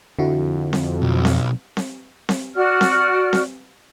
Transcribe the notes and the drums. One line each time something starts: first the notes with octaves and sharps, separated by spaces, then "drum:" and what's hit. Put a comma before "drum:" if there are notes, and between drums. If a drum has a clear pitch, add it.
F2 D3 E4 F#4
drum: snare C4
B1
drum: snare C4
drum: snare C4
drum: snare C4
F#4 D5 F6
drum: snare C4
drum: snare C4